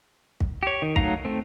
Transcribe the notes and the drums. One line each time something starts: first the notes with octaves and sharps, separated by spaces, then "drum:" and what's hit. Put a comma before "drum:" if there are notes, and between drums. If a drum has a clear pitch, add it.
drum: kick
G4 C#5
D#3
F#3 A3 D#4 F5 A#5, drum: kick
A3 C4